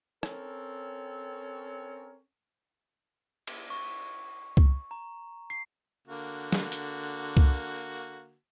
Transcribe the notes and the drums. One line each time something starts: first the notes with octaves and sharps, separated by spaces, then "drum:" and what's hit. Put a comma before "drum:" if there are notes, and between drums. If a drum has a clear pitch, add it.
C4 C#4 A4 A#4 C#5, drum: rim click
drum: cymbal
C#6
drum: kick C2
A#5
C7
D3 A#3 F#4
drum: snare
drum: hi-hat
drum: kick C2